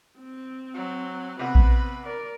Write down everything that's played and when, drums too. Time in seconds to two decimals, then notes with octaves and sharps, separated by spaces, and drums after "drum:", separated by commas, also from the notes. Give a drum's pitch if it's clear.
0.19 C4
0.74 F#3
1.39 C3 B3 C4 F#4 B4
1.55 drum: kick A#1
2.04 A#4 D5